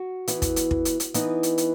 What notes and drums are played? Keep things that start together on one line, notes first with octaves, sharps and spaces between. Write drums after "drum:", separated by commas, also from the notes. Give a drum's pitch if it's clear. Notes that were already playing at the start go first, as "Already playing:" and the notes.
Already playing: F#4
E3 B3 E4, drum: hi-hat
drum: kick, hi-hat
drum: hi-hat
drum: kick
drum: hi-hat
drum: hi-hat
E3 B3 D#4, drum: hi-hat
drum: hi-hat
drum: hi-hat